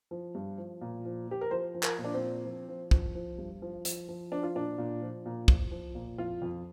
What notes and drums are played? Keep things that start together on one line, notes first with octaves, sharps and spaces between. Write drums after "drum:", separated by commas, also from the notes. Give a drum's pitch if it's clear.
F3
G2
F3
A#2
F3
F3 G4
A#4
F3 C5
F3
A#4, drum: clap
A#2
D4
C4
F3
F3
F3
F3, drum: kick
F3
G2
F3
F3, drum: hi-hat
F3
F3 D4
F4
A#2 D4
A#2
F3
A#2
F3, drum: kick
F3
A#2
F2 F4
F2